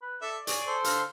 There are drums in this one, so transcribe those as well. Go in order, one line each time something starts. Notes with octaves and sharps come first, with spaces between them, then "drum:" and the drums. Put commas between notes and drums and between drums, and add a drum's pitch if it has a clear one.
B4
A4 D5 E5
G#4 C#5 D5, drum: hi-hat
A4 C5 C6
D3 F5, drum: hi-hat